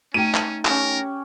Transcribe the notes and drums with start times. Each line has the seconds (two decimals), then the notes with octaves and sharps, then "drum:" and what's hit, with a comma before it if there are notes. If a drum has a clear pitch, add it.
0.14 A3 C#4 D#4 G5 D#7
0.34 drum: clap
0.65 C#4 G4 A#4, drum: clap